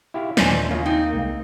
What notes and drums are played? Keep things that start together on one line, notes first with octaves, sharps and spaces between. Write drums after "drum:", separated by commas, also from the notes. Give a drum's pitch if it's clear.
E4 G4 F5
D#2 A#2 C#4 D4 C5 D#5 G#5 A6, drum: snare
E3
C#3 A#3 C#4 F4
C4 D#4 G5
C2 G#3 A3